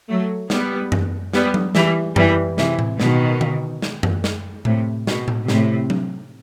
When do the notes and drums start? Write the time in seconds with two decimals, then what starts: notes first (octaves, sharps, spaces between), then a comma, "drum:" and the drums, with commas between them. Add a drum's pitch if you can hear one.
0.09 F#3 A3
0.50 G3 B3, drum: snare
0.92 drum: tom F#2
1.33 G3 B3, drum: snare
1.54 drum: tom F#3
1.75 E3 G3, drum: snare
2.16 E3 G3, drum: tom F#2
2.58 C3 E3, drum: snare
2.79 drum: tom A2
3.00 B2 D#3, drum: snare
3.41 drum: tom D3
3.82 drum: snare
4.03 drum: tom F#2
4.24 drum: snare
4.65 A2 C3, drum: tom A2
5.07 B2, drum: snare
5.28 drum: tom A2
5.48 A2 C3, drum: snare
5.90 drum: tom F#3